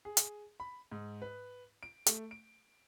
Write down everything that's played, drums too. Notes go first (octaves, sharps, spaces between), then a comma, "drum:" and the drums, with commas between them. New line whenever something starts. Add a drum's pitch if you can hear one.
G#4
drum: hi-hat
B5
G#2
B4
D7
A3, drum: hi-hat
D7